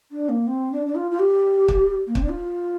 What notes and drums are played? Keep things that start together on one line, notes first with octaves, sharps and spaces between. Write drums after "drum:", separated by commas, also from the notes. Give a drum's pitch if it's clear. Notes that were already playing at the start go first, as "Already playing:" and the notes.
D4
A#3
C4
D4
D4
F4
F4
G4
drum: kick
A#3
C4, drum: kick
D4
F4